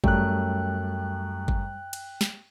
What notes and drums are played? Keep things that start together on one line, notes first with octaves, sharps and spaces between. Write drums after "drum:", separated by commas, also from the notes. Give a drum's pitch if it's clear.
F#2 G3 A3 G5 F#6, drum: kick G1
drum: kick G1
drum: cymbal
drum: snare